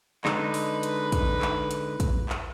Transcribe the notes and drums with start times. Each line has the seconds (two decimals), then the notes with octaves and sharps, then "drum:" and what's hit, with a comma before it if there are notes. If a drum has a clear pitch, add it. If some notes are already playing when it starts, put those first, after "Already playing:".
0.25 D3 G#3 D#4 B4, drum: clap
0.54 drum: open hi-hat
0.83 drum: hi-hat
1.12 drum: kick, hi-hat
1.41 drum: clap
1.71 drum: hi-hat
2.00 drum: kick, hi-hat
2.29 drum: clap